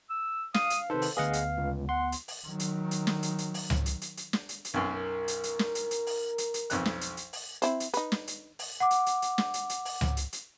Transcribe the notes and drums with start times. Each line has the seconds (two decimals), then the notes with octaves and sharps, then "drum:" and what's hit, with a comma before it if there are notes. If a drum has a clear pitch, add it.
0.10 E6
0.54 F5 D#6, drum: snare
0.70 drum: hi-hat
0.90 C3 D#3 A4 B4 C5
1.02 drum: open hi-hat
1.17 D2 B3 G#4 D#5 F5 F#5
1.33 drum: hi-hat
1.58 C#2
1.89 F#5 C6
2.12 drum: hi-hat
2.28 drum: open hi-hat
2.47 D#3 F#3
2.60 drum: hi-hat
2.91 drum: hi-hat
3.07 drum: snare
3.23 drum: hi-hat
3.38 drum: hi-hat
3.54 drum: open hi-hat
3.70 drum: tom C#2
3.86 drum: hi-hat
4.02 drum: hi-hat
4.17 drum: hi-hat
4.33 drum: snare
4.49 drum: hi-hat
4.65 drum: hi-hat
4.74 B1 F#2 A#4
5.28 drum: hi-hat
5.43 drum: hi-hat
5.59 drum: snare
5.75 drum: hi-hat
5.91 drum: hi-hat
6.07 drum: open hi-hat
6.38 drum: hi-hat
6.54 drum: hi-hat
6.70 B1 F2 F#6, drum: hi-hat
6.85 drum: snare
7.01 drum: hi-hat
7.17 drum: hi-hat
7.33 drum: open hi-hat
7.62 C4 E4 C5, drum: hi-hat
7.80 drum: hi-hat
7.94 D#4 B4, drum: hi-hat
8.12 drum: snare
8.27 drum: hi-hat
8.59 drum: open hi-hat
8.80 F#5 D6
8.91 drum: hi-hat
9.06 drum: hi-hat
9.22 drum: hi-hat
9.38 drum: snare
9.54 drum: hi-hat
9.69 drum: hi-hat
9.85 drum: open hi-hat
10.01 drum: tom C#2
10.17 drum: hi-hat
10.33 drum: hi-hat